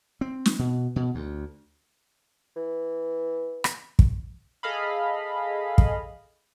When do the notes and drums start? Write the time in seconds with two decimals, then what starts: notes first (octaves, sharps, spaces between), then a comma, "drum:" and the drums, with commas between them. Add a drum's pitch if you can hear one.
0.21 C4
0.46 drum: snare
0.59 B2
0.96 B2
1.15 D2
2.56 E3
3.64 drum: rim click
3.99 drum: kick
4.63 G#4 A4 D#5 F5 B5
5.78 drum: kick